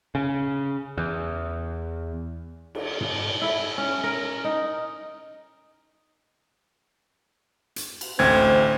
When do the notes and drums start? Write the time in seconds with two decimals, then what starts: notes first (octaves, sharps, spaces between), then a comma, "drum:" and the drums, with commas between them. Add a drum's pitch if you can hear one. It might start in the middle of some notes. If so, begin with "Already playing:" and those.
0.15 C#3
0.98 E2
2.75 drum: cymbal
3.01 drum: tom
3.42 E4
3.78 C#4
4.04 A#4
4.44 D#4
7.76 drum: hi-hat
8.01 drum: cymbal
8.19 A1 D2 C4 G#6